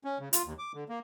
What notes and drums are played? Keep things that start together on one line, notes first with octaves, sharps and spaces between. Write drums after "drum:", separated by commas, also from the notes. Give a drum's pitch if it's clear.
C#4
C#3
F4, drum: hi-hat
D#2
D6
D3
A#3